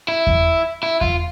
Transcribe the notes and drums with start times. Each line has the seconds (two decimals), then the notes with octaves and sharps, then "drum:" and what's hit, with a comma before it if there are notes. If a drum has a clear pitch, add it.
0.08 E4
0.27 drum: kick E2
0.83 E4
1.01 F4, drum: kick E2